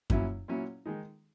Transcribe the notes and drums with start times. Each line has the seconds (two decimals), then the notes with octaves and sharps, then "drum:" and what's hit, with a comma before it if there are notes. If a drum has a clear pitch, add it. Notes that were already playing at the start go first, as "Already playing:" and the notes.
0.10 A#2 F#3 C#4 E4, drum: kick F#2
0.48 A#2 F#3 C#4 E4
0.86 D#3 G#3 D#4